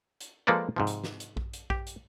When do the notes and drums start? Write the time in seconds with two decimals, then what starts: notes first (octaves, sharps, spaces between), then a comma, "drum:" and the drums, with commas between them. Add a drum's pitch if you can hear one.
0.21 drum: hi-hat
0.47 F3 G#3 A#3 A4 B4 D5
0.76 G#2 C3 F3
0.87 drum: hi-hat
1.04 drum: snare
1.20 drum: hi-hat
1.37 drum: kick A#1
1.53 drum: hi-hat
1.70 G4, drum: kick A#1
1.87 drum: hi-hat